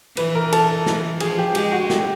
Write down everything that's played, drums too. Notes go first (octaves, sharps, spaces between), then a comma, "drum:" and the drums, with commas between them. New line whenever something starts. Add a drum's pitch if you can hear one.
E3 B4, drum: cymbal
A#4
A4, drum: cymbal
drum: snare
F3 G#4, drum: cymbal
G4
G#3 G4, drum: cymbal
F#4
G4, drum: snare